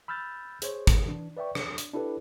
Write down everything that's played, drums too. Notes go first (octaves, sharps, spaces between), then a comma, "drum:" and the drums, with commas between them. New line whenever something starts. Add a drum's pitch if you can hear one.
B5 E6 F6 G6 A6
G#4 C5 C#5, drum: hi-hat
drum: kick, hi-hat
E3 D4
B4 D5 E5 G5 C#6
D4, drum: rim click
drum: hi-hat
D4 E4 G4 A4 B4 D5